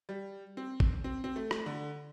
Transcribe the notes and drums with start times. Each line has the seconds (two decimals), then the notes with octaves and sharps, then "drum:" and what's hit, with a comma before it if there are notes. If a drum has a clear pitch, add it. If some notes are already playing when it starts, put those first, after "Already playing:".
0.09 G3
0.57 C4
0.80 drum: kick G#1
1.04 C4
1.24 C4
1.36 A3
1.51 drum: rim click
1.66 D3